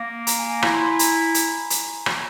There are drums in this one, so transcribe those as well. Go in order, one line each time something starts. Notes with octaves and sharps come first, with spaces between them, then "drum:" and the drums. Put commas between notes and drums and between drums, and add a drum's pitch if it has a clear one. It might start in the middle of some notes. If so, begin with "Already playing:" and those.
Already playing: A#3
A#5, drum: hi-hat
G#5
G#5
E4 A#5, drum: rim click
C6
C6
G#5
A#5, drum: hi-hat
drum: hi-hat
drum: hi-hat
drum: rim click